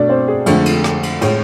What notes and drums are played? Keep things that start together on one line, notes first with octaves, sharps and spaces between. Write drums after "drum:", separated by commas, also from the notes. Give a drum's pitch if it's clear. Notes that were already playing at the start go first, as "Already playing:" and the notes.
Already playing: B2 A3 D4 D5
C4 C5
G#4
F2 D3 G#3 A3 A4, drum: cymbal
drum: cymbal
drum: rim click
drum: cymbal
A2 G#3, drum: cymbal